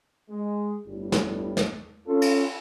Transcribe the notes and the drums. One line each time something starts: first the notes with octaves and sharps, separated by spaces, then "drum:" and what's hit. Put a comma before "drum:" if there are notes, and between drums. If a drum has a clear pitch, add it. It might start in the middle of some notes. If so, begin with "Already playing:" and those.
G#3
G1 A2 G3
drum: snare
drum: snare
C#4 F4 A4
drum: cymbal